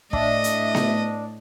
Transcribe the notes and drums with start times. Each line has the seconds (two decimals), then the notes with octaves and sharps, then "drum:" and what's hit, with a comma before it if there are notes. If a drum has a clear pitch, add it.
0.13 A2 D4 D#5 E5, drum: kick
0.44 drum: hi-hat
0.75 drum: snare B3